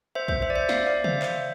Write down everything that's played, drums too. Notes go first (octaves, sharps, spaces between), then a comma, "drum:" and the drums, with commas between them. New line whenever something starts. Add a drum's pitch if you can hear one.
C5 E5
C5 E5, drum: kick
C5 E5
D5
C5 E5
D5 F5, drum: snare
D5 F5
C5 E5, drum: tom
C5 E5, drum: clap